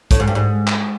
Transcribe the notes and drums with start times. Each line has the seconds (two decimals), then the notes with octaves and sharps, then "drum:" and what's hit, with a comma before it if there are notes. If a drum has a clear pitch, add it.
0.11 A2, drum: kick, hi-hat
0.20 G#2
0.28 G2
0.35 G#2
0.67 drum: clap